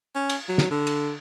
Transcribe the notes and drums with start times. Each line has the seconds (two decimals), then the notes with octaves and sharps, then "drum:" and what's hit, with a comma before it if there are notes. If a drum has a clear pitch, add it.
0.15 C#4
0.30 drum: cymbal
0.49 F#3
0.58 drum: snare
0.71 D3
0.87 drum: cymbal